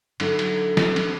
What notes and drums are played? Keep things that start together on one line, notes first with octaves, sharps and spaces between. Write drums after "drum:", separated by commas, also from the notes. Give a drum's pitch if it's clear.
D3 F#3 D#4 E4 A4, drum: cymbal
drum: cymbal
drum: snare
drum: cymbal